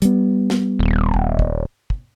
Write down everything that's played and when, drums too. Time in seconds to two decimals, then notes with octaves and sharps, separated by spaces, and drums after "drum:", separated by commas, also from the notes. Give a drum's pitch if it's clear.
0.02 G3 B3, drum: hi-hat
0.50 drum: snare
0.79 D#1
1.14 drum: kick
1.39 drum: kick
1.90 drum: kick